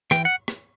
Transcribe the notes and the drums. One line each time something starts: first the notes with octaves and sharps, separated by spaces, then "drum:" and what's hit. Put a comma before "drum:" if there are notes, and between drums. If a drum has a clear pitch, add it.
E3 G5, drum: rim click
F#5
drum: rim click